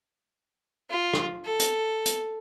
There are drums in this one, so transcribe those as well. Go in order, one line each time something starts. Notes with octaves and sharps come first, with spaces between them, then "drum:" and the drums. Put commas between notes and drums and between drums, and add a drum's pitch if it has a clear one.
F4
drum: rim click
A4
drum: hi-hat
drum: hi-hat